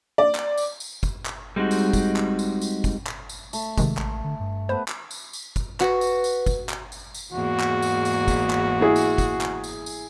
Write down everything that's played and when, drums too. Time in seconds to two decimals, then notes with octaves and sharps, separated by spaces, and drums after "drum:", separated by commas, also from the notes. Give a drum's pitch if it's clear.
0.18 D5
0.35 drum: clap
0.58 drum: tambourine
0.80 drum: tambourine
1.03 drum: kick, tambourine
1.26 drum: clap
1.56 G3 G#3 C4 D#4 F#4
1.71 drum: tambourine
1.93 drum: kick, tambourine
2.16 drum: clap
2.39 drum: tambourine
2.61 drum: tambourine
2.84 drum: kick, tambourine
3.07 drum: clap
3.29 drum: tambourine
3.53 A3, drum: tambourine
3.78 C3 D#3 G#3, drum: kick, tambourine
3.97 A1, drum: clap
4.24 D3
4.40 G2
4.69 A3 B3 C5
4.88 drum: clap
5.11 drum: tambourine
5.33 drum: tambourine
5.56 drum: kick, tambourine
5.80 F#4 B4, drum: clap
6.01 drum: tambourine
6.24 drum: tambourine
6.46 drum: kick, tambourine
6.69 drum: clap
6.92 drum: tambourine
7.14 drum: tambourine
7.33 E2 G#2 A#3 F#4
7.60 drum: clap
7.82 drum: tambourine
8.05 drum: tambourine
8.28 drum: kick, tambourine
8.50 drum: clap
8.81 E4 G#4
8.96 drum: tambourine
9.18 drum: kick, tambourine
9.41 drum: clap
9.64 drum: tambourine
9.86 drum: tambourine